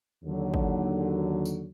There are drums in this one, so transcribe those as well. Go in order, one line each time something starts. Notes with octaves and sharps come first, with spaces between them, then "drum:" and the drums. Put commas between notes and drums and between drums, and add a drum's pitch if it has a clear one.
D#2 D3 F#3
drum: kick
drum: tambourine